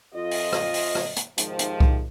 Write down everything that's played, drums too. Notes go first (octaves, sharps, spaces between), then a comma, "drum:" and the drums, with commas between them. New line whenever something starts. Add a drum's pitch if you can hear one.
F2 F4 D#5
drum: open hi-hat
drum: rim click
drum: open hi-hat
drum: rim click
drum: hi-hat
G#2 C3 D#3 F3, drum: hi-hat
drum: hi-hat
drum: kick C2